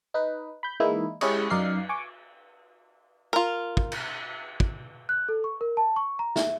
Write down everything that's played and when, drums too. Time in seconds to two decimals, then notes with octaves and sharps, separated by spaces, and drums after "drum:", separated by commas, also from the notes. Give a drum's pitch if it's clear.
0.14 D#4 B4
0.63 B5 G6
0.80 E3 G#3 A#3 D#4 E4
1.21 G#3 C#4 E4 G4 C#5 D#5, drum: cymbal
1.50 F#2 D#4 D5 F5 C7
1.89 G#5 C#6 D6
3.33 F4 A#4
3.77 drum: kick
3.92 drum: cymbal
4.60 drum: kick
5.09 F#6
5.29 A4
5.44 C#6
5.61 A#4
5.77 A5
5.96 C#6
6.19 A#5
6.36 E5, drum: snare